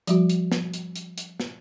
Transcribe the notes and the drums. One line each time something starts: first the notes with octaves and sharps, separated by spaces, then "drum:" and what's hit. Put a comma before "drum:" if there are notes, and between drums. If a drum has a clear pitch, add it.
F3 G3 F#4, drum: hi-hat
drum: hi-hat
drum: snare
drum: hi-hat
drum: hi-hat
drum: hi-hat
drum: snare